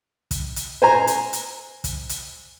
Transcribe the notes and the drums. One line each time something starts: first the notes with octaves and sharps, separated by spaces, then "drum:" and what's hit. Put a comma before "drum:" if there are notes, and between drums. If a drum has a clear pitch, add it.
drum: kick, hi-hat
drum: hi-hat
C5 G#5 A#5
drum: hi-hat
drum: hi-hat
drum: kick, hi-hat
drum: hi-hat